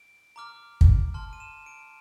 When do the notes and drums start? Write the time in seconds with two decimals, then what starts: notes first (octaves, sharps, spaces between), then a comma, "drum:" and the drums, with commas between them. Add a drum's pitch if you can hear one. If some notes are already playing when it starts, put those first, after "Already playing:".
Already playing: D7
0.36 A#5 D6 F6
0.81 drum: kick
1.14 A5 C6 F6
1.33 D#7
1.40 E7
1.66 D7